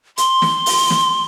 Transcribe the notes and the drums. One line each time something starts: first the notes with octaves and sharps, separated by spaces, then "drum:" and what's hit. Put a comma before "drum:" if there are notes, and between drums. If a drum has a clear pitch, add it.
C6, drum: hi-hat
drum: snare
drum: open hi-hat
drum: snare